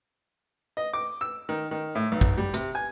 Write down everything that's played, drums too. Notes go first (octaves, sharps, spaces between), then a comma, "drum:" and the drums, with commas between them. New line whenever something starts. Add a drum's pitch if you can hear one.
D#5
D6
E6
D#3
D#3
A2
B1
drum: kick
G3
C3, drum: hi-hat
G#5